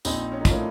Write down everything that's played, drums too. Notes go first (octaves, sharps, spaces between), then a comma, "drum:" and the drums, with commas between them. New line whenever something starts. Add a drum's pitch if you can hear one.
A#1 C4 D#4, drum: tambourine
C#4
D#4
A2 F3 A#3 C#4, drum: kick, tambourine